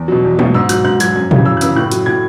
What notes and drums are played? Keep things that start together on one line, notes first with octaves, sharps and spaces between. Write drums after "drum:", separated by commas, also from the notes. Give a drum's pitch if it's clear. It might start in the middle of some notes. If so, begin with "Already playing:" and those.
Already playing: E2
B2 F#3
E2
B2, drum: tom
F#3
G#2 E6
F#3 F#6, drum: hi-hat
G#2 F#6
F#3 G#6, drum: hi-hat
F#2
C#3 E3, drum: tom A#2
F#2 E6
F#6
C#3 E3 E6, drum: hi-hat
A2 F#6
F#3, drum: hi-hat
A2 G#6